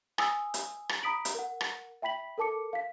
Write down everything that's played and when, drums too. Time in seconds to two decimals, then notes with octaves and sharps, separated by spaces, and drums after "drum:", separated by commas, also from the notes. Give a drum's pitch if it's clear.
0.18 G#5 D#6 E6, drum: rim click
0.54 drum: hi-hat
0.89 drum: rim click
1.03 A#5 B5 D#6 B6 D7 F#7
1.25 drum: hi-hat
1.35 A#4 F#5
1.61 drum: rim click
2.02 E5 G5 B5 B6 F#7
2.38 A4 A#4 A5 D6 C#7
2.73 F5 B6